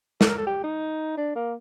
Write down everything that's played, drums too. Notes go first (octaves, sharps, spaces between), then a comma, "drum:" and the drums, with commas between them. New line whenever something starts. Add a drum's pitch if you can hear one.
A4, drum: snare
A#4
A4
G4
D#4
D4
A#3